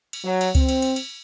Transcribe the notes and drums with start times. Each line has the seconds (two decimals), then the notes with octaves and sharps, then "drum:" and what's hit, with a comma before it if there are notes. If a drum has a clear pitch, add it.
0.13 drum: cymbal
0.23 F#3
0.41 drum: cymbal
0.55 C4, drum: kick C#2, cymbal
0.69 drum: cymbal
0.82 drum: cymbal
0.96 drum: cymbal